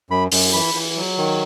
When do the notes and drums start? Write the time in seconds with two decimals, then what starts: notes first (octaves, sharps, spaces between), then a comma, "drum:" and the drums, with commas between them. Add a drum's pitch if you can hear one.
0.10 F#2 B5
0.32 F#2, drum: open hi-hat
0.53 E3 B5
0.75 E3
0.96 F#3
1.18 D#3